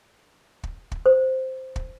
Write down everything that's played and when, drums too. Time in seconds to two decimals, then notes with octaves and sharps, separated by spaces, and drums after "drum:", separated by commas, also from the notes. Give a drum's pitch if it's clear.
0.63 drum: kick
0.92 drum: kick
1.06 C5
1.76 drum: kick